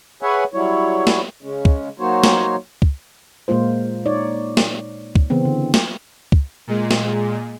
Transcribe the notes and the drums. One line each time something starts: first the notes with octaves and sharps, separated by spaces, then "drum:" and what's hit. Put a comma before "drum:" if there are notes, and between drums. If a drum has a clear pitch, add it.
G#4 B4 C#5 E5 F#5 G#5
F#3 G3 E4 C#5
drum: snare
C#3 G#3 C#4
drum: kick
F#3 A#3 D#4 F#4 C5 C#5
drum: snare
drum: kick
A#2 G#3 A#3 F4 C5
D#4 C#5 D5
drum: snare
drum: kick
C#3 E3 B3 C4
D3
drum: snare
drum: kick
A#2 G#3
drum: snare